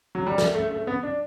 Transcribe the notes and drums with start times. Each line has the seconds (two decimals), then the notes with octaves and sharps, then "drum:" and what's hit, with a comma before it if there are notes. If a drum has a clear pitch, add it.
0.15 F#3
0.27 G3
0.38 A3, drum: snare
0.55 A3
0.71 A3
0.87 B3
1.03 D4